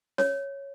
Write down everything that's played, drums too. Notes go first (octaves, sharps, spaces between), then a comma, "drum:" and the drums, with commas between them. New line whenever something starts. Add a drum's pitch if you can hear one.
C#5, drum: snare C#4